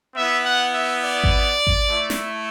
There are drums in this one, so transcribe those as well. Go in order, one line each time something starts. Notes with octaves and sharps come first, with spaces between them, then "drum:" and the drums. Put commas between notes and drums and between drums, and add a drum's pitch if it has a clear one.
B3 E4 E5
F#5
E5
D5
drum: kick G#1
drum: kick G#1
A3 E4
drum: snare